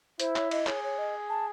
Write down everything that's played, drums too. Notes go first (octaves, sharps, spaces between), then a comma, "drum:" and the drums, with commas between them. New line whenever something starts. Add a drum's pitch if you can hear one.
E4 C5, drum: hi-hat
C#5, drum: clap
D#5, drum: cymbal
G#4 C#5, drum: clap
C#5
D#5
A5